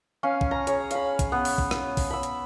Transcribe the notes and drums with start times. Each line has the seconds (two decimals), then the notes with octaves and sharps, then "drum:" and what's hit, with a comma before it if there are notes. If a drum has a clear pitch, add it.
0.23 C#4 B4 F5
0.41 drum: kick
0.51 A#5
0.67 G#4 C#5, drum: hi-hat
0.91 F5 B5, drum: hi-hat
1.19 drum: kick, hi-hat
1.32 B3
1.45 drum: open hi-hat
1.58 drum: kick
1.71 drum: rim click
1.97 drum: kick, open hi-hat
2.10 B5 E6
2.23 drum: hi-hat